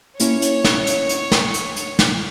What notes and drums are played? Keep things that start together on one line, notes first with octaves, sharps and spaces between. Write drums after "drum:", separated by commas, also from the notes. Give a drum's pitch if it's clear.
A#3 C#4 E4 C#5, drum: hi-hat
drum: hi-hat
drum: snare
drum: hi-hat
drum: hi-hat
drum: snare
drum: hi-hat
drum: hi-hat
drum: snare